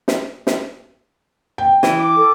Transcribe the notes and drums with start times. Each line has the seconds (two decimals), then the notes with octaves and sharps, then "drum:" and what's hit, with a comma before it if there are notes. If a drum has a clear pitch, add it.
0.08 drum: snare
0.47 drum: snare
1.58 G5
1.83 E3, drum: snare
1.98 D6
2.16 A4